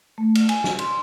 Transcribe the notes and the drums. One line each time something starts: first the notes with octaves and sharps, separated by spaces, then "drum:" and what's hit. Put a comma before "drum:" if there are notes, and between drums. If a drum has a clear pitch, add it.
A3
drum: cymbal
G#5, drum: cymbal
drum: snare
C6, drum: cymbal